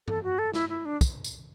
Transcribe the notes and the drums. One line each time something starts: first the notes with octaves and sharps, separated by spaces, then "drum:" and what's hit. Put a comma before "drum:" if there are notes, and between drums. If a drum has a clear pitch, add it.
A4, drum: tom G2
F#4
A4
E4, drum: snare
E4
D4
drum: kick, tambourine
drum: tambourine